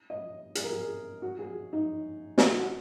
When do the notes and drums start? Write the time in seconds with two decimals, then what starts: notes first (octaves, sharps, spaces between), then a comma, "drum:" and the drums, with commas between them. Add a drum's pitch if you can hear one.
0.10 D#5
0.55 G#4, drum: hi-hat
0.64 A#4
0.73 G#4
1.22 F#4
1.39 G#4
1.73 D#4
2.38 drum: snare
2.58 F#4